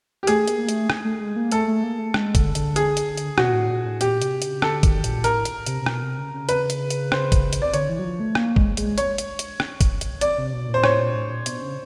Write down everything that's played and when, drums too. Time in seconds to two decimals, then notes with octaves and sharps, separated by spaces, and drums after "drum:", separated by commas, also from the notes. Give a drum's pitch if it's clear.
0.23 G4
0.27 A3 G#4, drum: hi-hat
0.48 A#3, drum: hi-hat
0.69 A3, drum: hi-hat
0.90 drum: rim click
1.05 A3
1.21 G#3
1.36 A#3
1.52 A3 A4, drum: hi-hat
1.68 A3
1.83 A#3
1.99 A3
2.14 G#3, drum: rim click
2.35 D3, drum: kick, hi-hat
2.55 D3, drum: hi-hat
2.76 G#4, drum: hi-hat
2.97 drum: hi-hat
3.17 drum: hi-hat
3.38 B2 F#4, drum: rim click
3.49 A#2
3.53 A2
3.70 A#2
3.85 A2
4.01 A#2 G4, drum: hi-hat
4.22 C3, drum: hi-hat
4.42 C#3, drum: hi-hat
4.62 D3 A4, drum: rim click
4.83 D#3, drum: kick, hi-hat
5.04 A#2, drum: hi-hat
5.24 A2 A#4, drum: hi-hat
5.45 drum: hi-hat
5.66 C3, drum: hi-hat
5.82 C3
5.86 B2, drum: rim click
6.02 C3
6.18 C#3
6.34 C#3
6.49 B4, drum: hi-hat
6.70 drum: hi-hat
6.90 drum: hi-hat
7.12 C5, drum: rim click
7.32 drum: kick, hi-hat
7.53 drum: hi-hat
7.62 D5
7.74 D3 C#5, drum: hi-hat
7.89 E3
7.99 F#3
8.04 F3
8.20 A3
8.35 A#3, drum: rim click
8.56 G#3, drum: kick
8.77 G#3, drum: hi-hat
8.98 C#5, drum: hi-hat
9.18 drum: hi-hat
9.39 drum: hi-hat
9.60 drum: rim click
9.81 drum: kick, hi-hat
10.01 drum: hi-hat
10.21 D5, drum: hi-hat
10.37 C3
10.53 B2
10.68 A#2
10.74 C5
10.84 A2 C#5, drum: rim click
10.99 A#2
11.15 A2
11.30 A#2
11.46 B2, drum: hi-hat
11.62 C#3